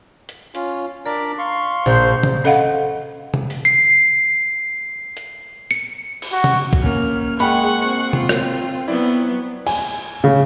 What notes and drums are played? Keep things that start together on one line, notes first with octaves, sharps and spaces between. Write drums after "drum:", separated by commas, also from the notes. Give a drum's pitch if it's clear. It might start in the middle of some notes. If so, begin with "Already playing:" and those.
drum: hi-hat
C#4 F4, drum: hi-hat
D4 A#4 D5 B6
F5 C6 C#6
A#1 C5
drum: tom C3
C#4 A4 D#5 F5 F#5
drum: tom C3
drum: open hi-hat
C7
drum: hi-hat
C#7
drum: cymbal
F#4
drum: tom C3
drum: kick
A#3 C#4 F6
G#3 A#3 F#5 G5 B5 C#6, drum: open hi-hat
C4, drum: cymbal
F4, drum: tom C3
drum: rim click
F#3 B3 E4 D5
G#5, drum: cymbal
C#3